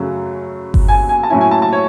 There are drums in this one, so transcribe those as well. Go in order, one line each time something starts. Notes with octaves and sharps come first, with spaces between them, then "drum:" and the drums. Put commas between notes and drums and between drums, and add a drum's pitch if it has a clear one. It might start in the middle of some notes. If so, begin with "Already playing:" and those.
Already playing: F#2 C#3 F#3 A3
drum: kick G1
G#5
G#5
A5
A2 F#3 C#4 E4 G#5
G#5
A5
A5
C#5